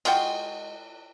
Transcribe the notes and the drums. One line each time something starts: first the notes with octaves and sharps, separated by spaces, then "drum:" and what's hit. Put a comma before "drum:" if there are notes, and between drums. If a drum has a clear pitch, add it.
G#3 F4 F#4 G5, drum: cymbal